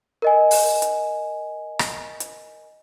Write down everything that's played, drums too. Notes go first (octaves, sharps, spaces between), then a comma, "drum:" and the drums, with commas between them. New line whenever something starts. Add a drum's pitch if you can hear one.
A#4 D#5 G#5
drum: open hi-hat
drum: hi-hat
drum: rim click
drum: hi-hat